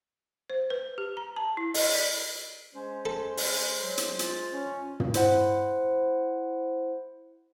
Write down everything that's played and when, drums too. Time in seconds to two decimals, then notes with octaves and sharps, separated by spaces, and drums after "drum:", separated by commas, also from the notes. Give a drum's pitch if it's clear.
0.50 C5
0.70 B4
0.98 G4
1.17 A#5
1.36 A5
1.57 E4
1.74 D#5, drum: open hi-hat
1.95 D5
2.75 G#3 C#4 C5
3.06 A4
3.37 drum: open hi-hat
3.82 F#3
3.98 drum: hi-hat
4.19 F4, drum: hi-hat
4.53 C#4
5.00 drum: tom
5.14 E4 C5 F#5, drum: hi-hat